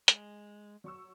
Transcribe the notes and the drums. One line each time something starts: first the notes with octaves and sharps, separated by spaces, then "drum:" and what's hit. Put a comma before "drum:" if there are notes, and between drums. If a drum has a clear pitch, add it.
G#3, drum: hi-hat
F#3 C#6 E6